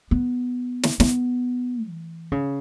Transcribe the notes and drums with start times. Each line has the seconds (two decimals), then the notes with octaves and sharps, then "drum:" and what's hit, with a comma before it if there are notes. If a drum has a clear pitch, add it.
0.11 B3
0.83 drum: snare
1.00 B3, drum: snare
1.88 E3
2.32 C#3